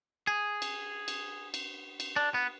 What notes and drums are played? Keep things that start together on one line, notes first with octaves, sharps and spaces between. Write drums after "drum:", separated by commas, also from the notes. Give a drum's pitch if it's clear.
G#4
drum: cymbal
drum: cymbal
drum: cymbal
drum: cymbal
D4
B3